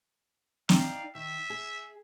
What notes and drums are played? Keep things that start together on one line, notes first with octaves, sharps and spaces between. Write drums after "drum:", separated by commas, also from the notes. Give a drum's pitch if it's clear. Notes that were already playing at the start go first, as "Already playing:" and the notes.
D#4 D5 F5 G5, drum: snare
D#3 E5
G#4